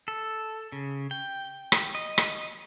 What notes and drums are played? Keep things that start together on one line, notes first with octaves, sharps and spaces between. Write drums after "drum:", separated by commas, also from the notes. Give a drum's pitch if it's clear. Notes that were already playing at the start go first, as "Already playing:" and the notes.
A4
C#3
G5
drum: rim click
D#5
drum: rim click